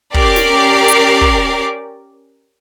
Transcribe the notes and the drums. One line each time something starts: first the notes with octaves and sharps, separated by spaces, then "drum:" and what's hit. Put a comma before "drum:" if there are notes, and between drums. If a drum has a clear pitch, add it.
C#4 G4 A#4 D5 D6 C7, drum: kick
drum: snare
drum: hi-hat
drum: kick